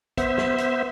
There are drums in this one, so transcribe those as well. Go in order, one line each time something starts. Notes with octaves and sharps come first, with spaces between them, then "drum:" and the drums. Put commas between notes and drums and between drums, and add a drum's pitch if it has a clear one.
B3 C5 E5, drum: kick, hi-hat
drum: snare
drum: hi-hat